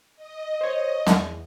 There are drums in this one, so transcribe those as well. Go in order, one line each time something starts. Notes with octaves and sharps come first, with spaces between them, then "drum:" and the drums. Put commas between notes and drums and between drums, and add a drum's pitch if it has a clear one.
D#5
C5 C#5
E2, drum: snare